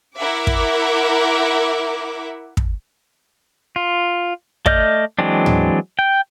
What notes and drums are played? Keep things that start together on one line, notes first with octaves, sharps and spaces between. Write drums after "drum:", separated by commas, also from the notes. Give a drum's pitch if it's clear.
E4 A#4 E5 F#5 D6
drum: kick
drum: kick
F4
A3 D5 D#5 F6 G6, drum: kick
E3 F#3 G#3 C4 D4
drum: tom
G5